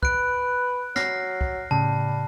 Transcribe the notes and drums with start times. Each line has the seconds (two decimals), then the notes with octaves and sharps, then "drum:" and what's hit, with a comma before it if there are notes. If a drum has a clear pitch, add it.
0.03 B4 F#6 D7, drum: kick
0.96 F#3 F6 A#6 C7, drum: snare
1.41 drum: kick
1.71 A2 C#3 G3 A5